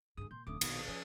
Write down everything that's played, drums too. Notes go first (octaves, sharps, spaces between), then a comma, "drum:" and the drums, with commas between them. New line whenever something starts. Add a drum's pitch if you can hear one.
G2 D3 G#4 D#6
A#2 C6 G6
D#1 F2 D3 A3 D6 D#6
A#1 B2 D#3, drum: cymbal
F3 C#4 D#6